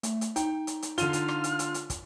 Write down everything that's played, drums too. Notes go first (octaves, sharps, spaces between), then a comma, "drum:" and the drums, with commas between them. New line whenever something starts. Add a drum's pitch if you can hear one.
A3, drum: hi-hat
drum: hi-hat
D#4 G5, drum: hi-hat
drum: hi-hat
drum: hi-hat
D3 F4 F6 D#7 G7, drum: hi-hat
drum: hi-hat
drum: rim click
drum: hi-hat
drum: hi-hat
drum: hi-hat
drum: kick, hi-hat